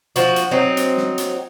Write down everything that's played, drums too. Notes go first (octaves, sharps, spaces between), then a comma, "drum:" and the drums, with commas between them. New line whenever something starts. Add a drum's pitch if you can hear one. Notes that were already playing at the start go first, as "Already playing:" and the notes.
F3 F#4, drum: hi-hat
drum: hi-hat
F#3 C4 D#4
drum: hi-hat
drum: snare
drum: hi-hat